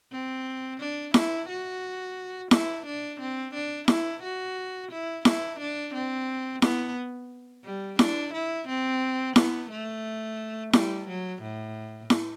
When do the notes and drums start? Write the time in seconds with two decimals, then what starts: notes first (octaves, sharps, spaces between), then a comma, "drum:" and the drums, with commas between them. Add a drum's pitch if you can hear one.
0.12 C4
0.80 D4
1.14 E4, drum: snare E4
1.48 F#4
2.51 E4, drum: snare E4
2.85 D4
3.19 C4
3.54 D4
3.88 E4, drum: snare E4
4.22 F#4
4.91 E4
5.25 E4, drum: snare E4
5.59 D4
5.94 C4
6.62 B3, drum: snare E4
7.64 G3
7.99 D4, drum: snare E4
8.33 E4
8.68 C4
9.36 B3, drum: snare E4
9.70 A3
10.73 G3, drum: snare E4
11.08 F#3
11.41 A2
12.10 drum: snare E4